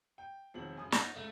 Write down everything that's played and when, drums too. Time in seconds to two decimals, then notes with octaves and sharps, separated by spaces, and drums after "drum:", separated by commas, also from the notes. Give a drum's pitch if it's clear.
0.18 G5
0.54 E1 D#3 F3 C4 F#7
0.77 F#2 C#3 G#5 D#6
0.92 D#4 C#5 F#5 A6, drum: snare
1.16 C#2 C#3 A3